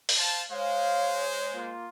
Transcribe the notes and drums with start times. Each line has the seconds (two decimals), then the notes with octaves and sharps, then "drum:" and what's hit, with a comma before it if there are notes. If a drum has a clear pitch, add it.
0.09 drum: open hi-hat
0.18 C5 F5 A5
0.52 G#3 C5 C#5 F5
1.54 A#3 F4